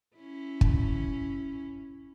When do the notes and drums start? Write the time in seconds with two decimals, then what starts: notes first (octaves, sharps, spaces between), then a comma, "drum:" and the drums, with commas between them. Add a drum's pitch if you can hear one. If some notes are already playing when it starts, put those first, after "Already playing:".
0.17 C#4 E4
0.61 drum: kick